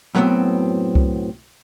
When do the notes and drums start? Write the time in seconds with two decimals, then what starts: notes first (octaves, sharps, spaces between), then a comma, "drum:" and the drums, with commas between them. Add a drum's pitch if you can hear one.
0.15 F#2 A2 F#3 G#3 B3 C4
0.95 drum: kick C2